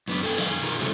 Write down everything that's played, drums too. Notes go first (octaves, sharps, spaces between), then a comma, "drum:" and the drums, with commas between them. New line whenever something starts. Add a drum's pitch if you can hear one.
F#2 B3 D4
A4 B4 F5 G5 G#5
F#2 D#3 F5 G#5, drum: hi-hat
B2 D#3 D#4 F4 G#4 A#4
G#2 C3 E3 F#3 A3 C4